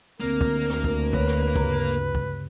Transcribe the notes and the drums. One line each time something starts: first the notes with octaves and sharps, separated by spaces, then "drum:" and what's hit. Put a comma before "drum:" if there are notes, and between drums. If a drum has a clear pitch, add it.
D2 D3 A#3 C4 A#4
drum: kick
drum: rim click
drum: kick
B4 C#5, drum: kick
drum: rim click
G2 C#3 A#5, drum: kick
drum: kick